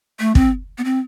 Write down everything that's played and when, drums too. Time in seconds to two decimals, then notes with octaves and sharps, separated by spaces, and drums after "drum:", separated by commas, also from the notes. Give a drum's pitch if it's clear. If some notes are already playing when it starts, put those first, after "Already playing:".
0.20 A3
0.35 C4, drum: kick
0.78 B3
0.85 C4